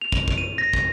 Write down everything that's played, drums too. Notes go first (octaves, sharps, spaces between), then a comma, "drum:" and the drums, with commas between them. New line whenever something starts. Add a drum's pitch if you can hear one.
F7
drum: kick
drum: kick
D#7
A#6
drum: kick